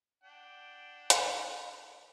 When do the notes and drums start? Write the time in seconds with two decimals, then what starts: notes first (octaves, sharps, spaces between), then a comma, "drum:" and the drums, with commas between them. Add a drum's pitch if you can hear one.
0.24 D4 F#5 G5
1.10 drum: hi-hat